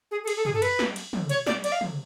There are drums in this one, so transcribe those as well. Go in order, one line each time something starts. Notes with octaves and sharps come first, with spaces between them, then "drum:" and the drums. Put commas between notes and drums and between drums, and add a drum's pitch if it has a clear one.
G#4
A4
G#4, drum: cymbal
A4
G#4, drum: tom
A4
B4, drum: cymbal
drum: snare
drum: cymbal
drum: tom
C#5, drum: cymbal
D5, drum: snare
D5, drum: cymbal
F5
drum: tom